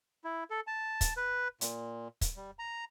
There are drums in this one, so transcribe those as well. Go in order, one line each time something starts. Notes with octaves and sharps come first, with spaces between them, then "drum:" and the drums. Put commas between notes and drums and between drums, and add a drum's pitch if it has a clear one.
E4
A4
A5
drum: kick, hi-hat
B4
A#2, drum: hi-hat
drum: kick, hi-hat
G3
A#5